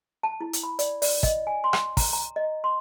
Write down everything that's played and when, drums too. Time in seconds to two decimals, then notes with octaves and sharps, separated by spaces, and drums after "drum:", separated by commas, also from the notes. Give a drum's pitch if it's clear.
0.23 A5
0.41 E4
0.53 drum: hi-hat
0.63 B5
0.79 D5, drum: hi-hat
1.02 D5, drum: open hi-hat
1.23 D#5, drum: kick, hi-hat
1.47 G#5
1.64 C6
1.73 drum: rim click
1.97 A#5, drum: kick, open hi-hat
2.13 A#5
2.36 D#5
2.64 C6